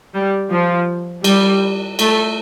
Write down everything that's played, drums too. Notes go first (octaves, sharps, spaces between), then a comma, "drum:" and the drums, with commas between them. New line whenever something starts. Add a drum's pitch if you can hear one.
G3
F3
G3, drum: cymbal
A3, drum: cymbal